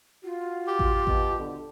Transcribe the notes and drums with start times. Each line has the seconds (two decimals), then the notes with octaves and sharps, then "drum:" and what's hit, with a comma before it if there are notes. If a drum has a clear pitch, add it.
0.24 F4 F#4
0.68 G4
0.79 drum: kick A1
1.07 B2, drum: kick A1
1.39 D3